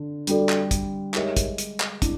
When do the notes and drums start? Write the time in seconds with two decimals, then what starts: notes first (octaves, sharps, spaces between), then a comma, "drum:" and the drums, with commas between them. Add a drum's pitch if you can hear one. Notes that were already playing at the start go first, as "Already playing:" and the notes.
Already playing: D3
0.27 G3 D4 F#4 A4 D5, drum: hi-hat
0.49 drum: clap
0.71 drum: kick, hi-hat
1.14 G#3 D#4 G4 A#4 C#5 E5, drum: clap
1.37 drum: kick, hi-hat
1.58 drum: hi-hat
1.80 drum: clap
2.02 D4 E4, drum: kick, hi-hat